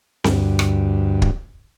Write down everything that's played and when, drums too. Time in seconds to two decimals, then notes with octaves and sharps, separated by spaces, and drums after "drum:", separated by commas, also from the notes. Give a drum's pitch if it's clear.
0.24 D2 G2, drum: snare C4
0.59 drum: rim click
1.22 drum: kick